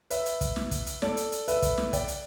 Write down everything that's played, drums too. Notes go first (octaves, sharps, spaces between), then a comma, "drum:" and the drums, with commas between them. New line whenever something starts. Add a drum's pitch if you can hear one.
B4 E5, drum: hi-hat
drum: hi-hat
drum: kick, hi-hat
drum: snare
drum: kick, hi-hat
drum: hi-hat
A4 D5, drum: snare
drum: hi-hat
drum: hi-hat
B4 E5, drum: hi-hat
drum: kick, hi-hat
drum: snare
D5 G5, drum: kick, hi-hat
drum: hi-hat